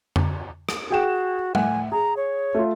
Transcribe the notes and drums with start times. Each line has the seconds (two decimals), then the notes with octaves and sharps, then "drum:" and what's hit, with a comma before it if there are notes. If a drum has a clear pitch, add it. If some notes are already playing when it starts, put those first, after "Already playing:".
0.16 drum: tom
0.69 drum: rim click
0.90 F#4 G#4 G5 E7
1.55 A2 F#5 G#5, drum: tom
1.92 G#4 A#5
2.17 C#5
2.54 A3 F4